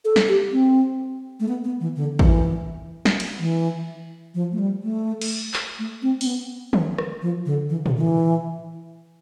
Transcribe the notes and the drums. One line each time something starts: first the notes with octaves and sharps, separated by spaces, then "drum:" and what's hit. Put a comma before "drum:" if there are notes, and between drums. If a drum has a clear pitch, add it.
A4
drum: snare
G4
C4
A3
B3
B3
E3
D3
E3, drum: kick
drum: snare
drum: cymbal
E3
F3
A3
G3
A3
drum: cymbal
drum: clap
A3
C4
C4, drum: open hi-hat
B3
drum: tom
drum: rim click
F3
D3
E3
D3, drum: tom
D3
E3